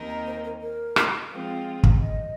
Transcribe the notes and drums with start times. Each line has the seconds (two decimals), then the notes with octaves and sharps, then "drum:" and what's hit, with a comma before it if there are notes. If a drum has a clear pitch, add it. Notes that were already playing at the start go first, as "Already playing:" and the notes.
Already playing: D#2 D#3 C4 D#4 A#4
0.09 D#5
0.26 C5
0.44 A#4
0.61 A#4
0.96 drum: rim click
1.31 F3 G#3 C4 F4
1.83 drum: kick
2.01 D#5